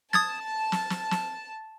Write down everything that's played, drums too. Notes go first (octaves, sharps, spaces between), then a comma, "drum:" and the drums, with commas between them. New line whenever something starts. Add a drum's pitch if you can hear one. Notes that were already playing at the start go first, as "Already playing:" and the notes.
A5 D#6 G#6 A6, drum: snare
drum: snare
drum: snare
drum: snare